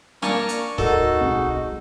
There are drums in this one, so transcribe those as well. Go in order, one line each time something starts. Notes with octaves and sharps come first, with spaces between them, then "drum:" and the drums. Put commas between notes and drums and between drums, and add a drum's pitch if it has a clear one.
A#3 D4 G#5 A#5 C#6 F6, drum: snare
drum: hi-hat
D2 G#2 D#4 F#4 A4 A#4, drum: kick C#1
D1 B1 G#3 C4